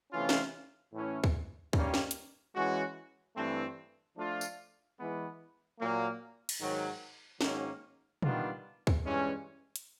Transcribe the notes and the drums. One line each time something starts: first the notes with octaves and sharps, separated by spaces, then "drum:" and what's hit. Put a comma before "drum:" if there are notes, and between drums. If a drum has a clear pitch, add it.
C3 E3 A3 C#4 F4
drum: snare
A2 E3 A3 C#4 E4
drum: kick
G2 D#3 G3 A#3 C#4, drum: kick
drum: snare
drum: hi-hat
E3 G#3 C#4 F#4
G2 E3 A3 C4
F3 A3 D4 F4
drum: tambourine
E3 G#3 B3
A#2 F#3 A#3
drum: cymbal
G#2 D#3 F#3
G#2 D#3 F#3 A#3 C#4, drum: snare
D#3 G3 B3 D4 F4, drum: tom
drum: kick
G2 E3 G#3 C#4
drum: hi-hat